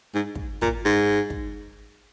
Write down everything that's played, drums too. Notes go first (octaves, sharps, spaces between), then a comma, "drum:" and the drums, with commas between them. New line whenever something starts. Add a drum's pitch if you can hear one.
G#2
drum: kick
A#2, drum: kick
G#2
drum: kick